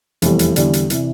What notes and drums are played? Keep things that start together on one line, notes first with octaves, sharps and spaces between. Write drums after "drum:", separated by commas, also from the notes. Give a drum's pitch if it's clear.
F1 E2 E3 G3, drum: hi-hat
drum: hi-hat
E2 D3 G3 D5, drum: hi-hat
drum: hi-hat
C3 E3, drum: hi-hat